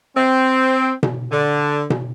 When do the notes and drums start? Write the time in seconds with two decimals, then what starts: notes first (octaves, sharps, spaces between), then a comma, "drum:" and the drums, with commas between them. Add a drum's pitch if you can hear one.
0.16 C4
1.03 drum: tom B2
1.32 D3
1.90 drum: tom B2